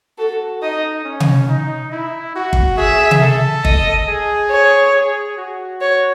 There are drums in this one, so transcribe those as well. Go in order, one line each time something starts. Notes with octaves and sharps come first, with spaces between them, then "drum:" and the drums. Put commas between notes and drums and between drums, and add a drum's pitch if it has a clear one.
F#4 A4
D#4 D#5
C#4
drum: tom C3
D#4
E4
F#4
drum: kick G1
G#4 E5
drum: tom C3
A4
D#5, drum: kick G1
G#4
C#5
G#4
F#4
C#5